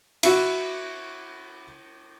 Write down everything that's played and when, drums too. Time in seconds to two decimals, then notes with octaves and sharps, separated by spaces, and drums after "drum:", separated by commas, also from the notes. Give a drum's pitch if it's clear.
0.23 E4 F#4, drum: cymbal